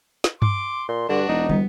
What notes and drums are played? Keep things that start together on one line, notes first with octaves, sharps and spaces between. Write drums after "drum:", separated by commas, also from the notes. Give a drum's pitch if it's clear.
drum: snare
C6 D6, drum: tom G2
A#2 C6
G2 D3 D4 F#4
E1 D#4
G3 B3, drum: tom